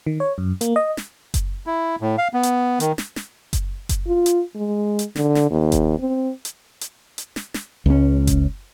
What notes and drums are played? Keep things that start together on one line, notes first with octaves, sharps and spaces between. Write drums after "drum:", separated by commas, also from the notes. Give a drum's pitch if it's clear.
D#3
C#5
F#2
A#3, drum: hi-hat
D#5
drum: snare
drum: kick F#1, hi-hat
E4
A2
F5
B3
drum: hi-hat
D#3, drum: hi-hat
drum: snare
drum: snare
drum: kick F#1, hi-hat
drum: kick F#1, hi-hat
F4
drum: hi-hat
G#3
drum: hi-hat
D3, drum: snare
drum: snare
D#2
drum: kick F#1, hi-hat
C4
drum: hi-hat
drum: hi-hat
drum: hi-hat
drum: snare
drum: snare
C#2 C#4
drum: kick F#1, hi-hat